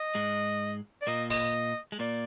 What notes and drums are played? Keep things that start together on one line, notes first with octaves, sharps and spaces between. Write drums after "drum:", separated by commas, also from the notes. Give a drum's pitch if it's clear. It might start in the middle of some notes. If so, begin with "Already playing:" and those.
Already playing: D#5
G#2 G#3
D5
A#2 A#3 D#5
D#5, drum: open hi-hat
G#3
A#2 A#3 D5